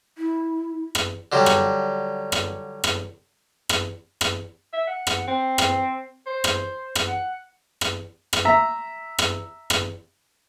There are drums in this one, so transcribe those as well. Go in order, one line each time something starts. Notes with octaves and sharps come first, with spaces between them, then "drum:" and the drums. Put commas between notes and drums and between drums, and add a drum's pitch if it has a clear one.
E4
drum: rim click
D3 F#3 G3
drum: rim click
drum: rim click
drum: rim click
drum: rim click
drum: rim click
E5
F#5
drum: rim click
C4
drum: rim click
C5
drum: rim click
drum: rim click
F#5
drum: rim click
drum: rim click
E5 A#5
drum: rim click
drum: rim click